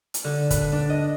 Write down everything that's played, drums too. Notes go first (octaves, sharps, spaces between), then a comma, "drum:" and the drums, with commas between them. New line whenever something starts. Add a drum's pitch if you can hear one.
drum: hi-hat
D3
B4, drum: kick, hi-hat
D4
D#5